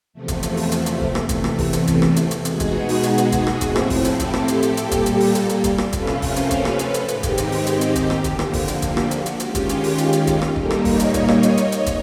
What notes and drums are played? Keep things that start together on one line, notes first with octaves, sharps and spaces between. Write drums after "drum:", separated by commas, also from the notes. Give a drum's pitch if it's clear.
E2 C3 F3 A3
drum: kick, hi-hat
drum: hi-hat
drum: open hi-hat
drum: hi-hat
drum: hi-hat
drum: kick
drum: rim click
E2 C3 E3 A3, drum: kick, hi-hat
drum: rim click
drum: kick, open hi-hat
drum: hi-hat
drum: kick, hi-hat
drum: rim click
drum: hi-hat
drum: hi-hat
B2 G#3 B3 D#4 F#4 G#4, drum: hi-hat
drum: kick, hi-hat
drum: open hi-hat
drum: hi-hat
drum: hi-hat
drum: kick, hi-hat
drum: rim click
A2 F3 A3 C4 E4, drum: kick, hi-hat
drum: rim click
drum: kick, open hi-hat
drum: hi-hat
G4 A4, drum: kick, hi-hat
drum: rim click
drum: hi-hat
drum: hi-hat
A#2 G3 A#3, drum: hi-hat
drum: kick, hi-hat
drum: hi-hat
drum: open hi-hat
drum: hi-hat
drum: hi-hat
drum: kick, hi-hat
drum: rim click
C3 F3 A3 C#4 F4 A4 B4, drum: kick, hi-hat
drum: rim click
A#4 C5, drum: kick, open hi-hat
drum: hi-hat
B4 C#5, drum: kick, hi-hat
drum: rim click
A4 B4, drum: hi-hat
drum: hi-hat
G#2 D#3 G#3 C4 D#4 G4, drum: hi-hat
drum: kick, hi-hat
drum: hi-hat
drum: open hi-hat
drum: hi-hat
drum: hi-hat
drum: kick, hi-hat
drum: rim click
D3 F3 A#3, drum: kick, hi-hat
drum: rim click
drum: kick, open hi-hat
drum: hi-hat
G4, drum: kick, hi-hat
drum: rim click
F#4, drum: hi-hat
drum: hi-hat
D#3 G#3 C#4 F4 G4, drum: hi-hat
drum: kick, hi-hat
drum: hi-hat
drum: open hi-hat
drum: hi-hat
drum: hi-hat
drum: kick, hi-hat
drum: rim click
A#2 G3 A#3 D#4 G4 A4, drum: kick
drum: rim click
C#5 D#5, drum: kick, open hi-hat
drum: hi-hat
drum: kick, hi-hat
drum: rim click
drum: hi-hat
drum: hi-hat
F2, drum: hi-hat
drum: kick, hi-hat